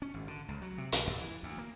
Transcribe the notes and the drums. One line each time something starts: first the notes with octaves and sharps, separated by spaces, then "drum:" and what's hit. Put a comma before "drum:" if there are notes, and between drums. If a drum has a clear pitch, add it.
C#4
G#1
D3
C#2
F#3
C3
B1, drum: hi-hat
D#2
E3
D2
A#3